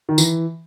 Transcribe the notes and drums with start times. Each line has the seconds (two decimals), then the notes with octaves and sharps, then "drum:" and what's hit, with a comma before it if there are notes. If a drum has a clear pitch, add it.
0.09 D#3
0.18 E3, drum: tambourine